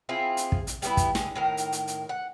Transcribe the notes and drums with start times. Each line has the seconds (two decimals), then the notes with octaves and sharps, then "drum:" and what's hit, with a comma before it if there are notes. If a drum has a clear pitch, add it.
0.09 C4 E4 F4 G#4
0.37 drum: hi-hat
0.52 drum: kick
0.67 drum: hi-hat
0.82 G3 A3 B3 E4, drum: hi-hat
0.97 drum: kick, hi-hat
1.15 D3 G#4, drum: snare
1.35 A2 D#3 A#4
1.57 drum: hi-hat
1.72 drum: hi-hat
1.87 drum: hi-hat
2.09 F#5